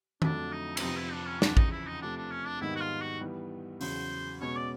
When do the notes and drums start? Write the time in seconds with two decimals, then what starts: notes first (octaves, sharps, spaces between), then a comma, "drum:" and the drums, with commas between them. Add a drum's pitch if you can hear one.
0.22 F2 D3 F#3 A3 D4, drum: tom D#3
0.52 D#4
0.77 E4, drum: cymbal
0.81 F2 C3 F3 D#4
0.97 E4
1.12 D4
1.26 C#4
1.42 E2 C#3 F3 D4, drum: snare
1.57 D#4, drum: kick
1.71 E4
1.87 D#4
2.01 C3 F3 A3 D4
2.17 D4
2.31 C#4
2.46 D4
2.61 G#2 D#3 G3 B3 D#4 E4
2.76 F#4
2.81 F4
3.01 F#4
3.20 E3 G3 B3
3.81 E2 C#3 F#3 C5, drum: open hi-hat
4.41 B2 G#3 C#4 C#5
4.56 D5